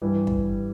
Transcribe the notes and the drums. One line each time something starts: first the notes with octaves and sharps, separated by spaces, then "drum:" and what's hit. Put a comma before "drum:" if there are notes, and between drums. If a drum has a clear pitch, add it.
G2 E3 G3
drum: kick